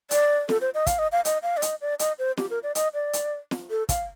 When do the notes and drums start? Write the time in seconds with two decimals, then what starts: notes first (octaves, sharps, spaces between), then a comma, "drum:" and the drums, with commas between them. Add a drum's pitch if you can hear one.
0.11 D5, drum: hi-hat
0.49 A4, drum: snare
0.61 C5
0.74 D#5
0.87 F5, drum: kick, hi-hat
0.99 D#5
1.12 F5
1.25 D#5, drum: hi-hat
1.43 F5
1.57 D5
1.62 D#5, drum: hi-hat
1.81 D5
1.99 D#5, drum: hi-hat
2.19 C5
2.37 G4, drum: snare
2.50 A#4
2.63 D5
2.75 D#5, drum: hi-hat
2.94 D5
3.13 drum: hi-hat
3.51 drum: snare
3.70 A4
3.89 F5, drum: kick, hi-hat